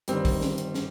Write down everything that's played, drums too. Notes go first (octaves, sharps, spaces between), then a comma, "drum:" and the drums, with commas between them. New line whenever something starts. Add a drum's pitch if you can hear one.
G1 G2 D#3 G3 C4, drum: hi-hat
drum: kick, open hi-hat
drum: snare
drum: hi-hat
drum: snare